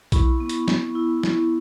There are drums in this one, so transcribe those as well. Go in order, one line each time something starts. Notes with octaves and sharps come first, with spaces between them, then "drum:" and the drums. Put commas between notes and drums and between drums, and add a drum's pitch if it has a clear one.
E4 B5 C#6, drum: kick B1, hi-hat
B3
drum: hi-hat
B3, drum: snare
E4
E4, drum: snare